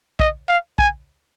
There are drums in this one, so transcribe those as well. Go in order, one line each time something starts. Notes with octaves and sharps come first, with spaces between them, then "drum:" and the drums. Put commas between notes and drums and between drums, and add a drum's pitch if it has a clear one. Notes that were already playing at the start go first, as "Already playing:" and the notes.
D#5, drum: kick
F5
G#5, drum: kick